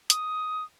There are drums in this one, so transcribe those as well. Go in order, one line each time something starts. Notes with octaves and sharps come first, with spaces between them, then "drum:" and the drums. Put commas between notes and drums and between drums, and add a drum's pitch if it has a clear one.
D#6, drum: hi-hat